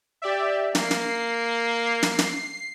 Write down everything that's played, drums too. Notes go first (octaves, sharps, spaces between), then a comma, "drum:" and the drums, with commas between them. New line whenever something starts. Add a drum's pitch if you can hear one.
G4 D5 E5
A#3 C7, drum: snare
drum: snare
drum: snare
drum: snare